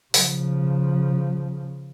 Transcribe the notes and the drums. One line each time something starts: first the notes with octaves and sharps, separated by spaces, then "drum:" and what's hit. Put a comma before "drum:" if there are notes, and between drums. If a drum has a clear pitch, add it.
C#3 F3, drum: open hi-hat